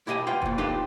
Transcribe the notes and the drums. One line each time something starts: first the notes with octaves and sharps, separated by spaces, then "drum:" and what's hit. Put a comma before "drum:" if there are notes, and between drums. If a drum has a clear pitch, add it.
E4 G4 D#5 F5 G#5 A5
F4 B4 F#5 G5
F2 A#2, drum: kick E1
D4 D#4 F4 G4 A4 B4